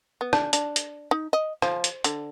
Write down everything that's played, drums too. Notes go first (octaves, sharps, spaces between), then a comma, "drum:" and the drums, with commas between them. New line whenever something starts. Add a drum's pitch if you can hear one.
B3
D4, drum: rim click
D4, drum: hi-hat
drum: hi-hat
D#4
D#5
F3, drum: rim click
drum: hi-hat
D3, drum: hi-hat